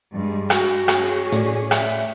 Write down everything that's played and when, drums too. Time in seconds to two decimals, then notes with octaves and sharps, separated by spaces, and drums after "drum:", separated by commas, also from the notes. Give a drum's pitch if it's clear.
0.13 G2 G3 G#3
0.50 F#4, drum: rim click
0.88 C#4 G#4, drum: rim click
1.32 A2 C#5 D5, drum: hi-hat
1.71 E5, drum: rim click